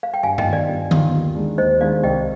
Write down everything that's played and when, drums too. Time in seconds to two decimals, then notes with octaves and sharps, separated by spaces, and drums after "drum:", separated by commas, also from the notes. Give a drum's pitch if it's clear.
0.03 F5
0.14 G5
0.23 G2 F5 G#5
0.38 D#5 G5, drum: tom G2
0.45 D#3 B3 F4
0.53 D5 F5
0.68 G2
0.91 D#3 B3 F4, drum: tom D3
1.13 D#2
1.35 D#3 G#3 D4
1.58 D#2 C5 D#5
1.81 D#3 G#3 D4 D5 F5
2.03 C2 D#5 G5